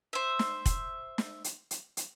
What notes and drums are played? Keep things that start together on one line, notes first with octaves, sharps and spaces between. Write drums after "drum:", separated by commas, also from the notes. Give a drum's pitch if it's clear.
C5 E5
drum: snare
drum: kick, hi-hat
drum: snare
drum: hi-hat
drum: hi-hat
drum: hi-hat